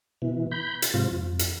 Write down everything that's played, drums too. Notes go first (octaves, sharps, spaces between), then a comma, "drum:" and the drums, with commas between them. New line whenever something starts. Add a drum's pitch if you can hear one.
B2 E3
B5 G6
A6, drum: hi-hat
G#2 C3 F3 F4
F2
drum: hi-hat